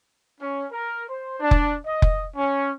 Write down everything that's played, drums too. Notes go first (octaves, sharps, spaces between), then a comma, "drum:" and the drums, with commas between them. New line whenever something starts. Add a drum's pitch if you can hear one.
C#4
A#4
C5
D4
drum: kick F1
D#5
drum: kick F1
C#4